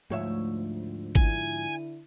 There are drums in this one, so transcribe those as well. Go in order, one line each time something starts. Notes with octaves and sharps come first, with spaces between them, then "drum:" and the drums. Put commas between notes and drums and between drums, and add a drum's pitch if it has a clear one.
D2 G#2 F3 C#5 E5
D3 E4 G#5, drum: kick G#1